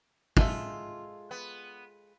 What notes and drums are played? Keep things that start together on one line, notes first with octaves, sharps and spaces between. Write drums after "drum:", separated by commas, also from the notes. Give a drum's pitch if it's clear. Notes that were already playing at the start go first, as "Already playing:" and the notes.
G#3 F4 A4 E5, drum: kick
B3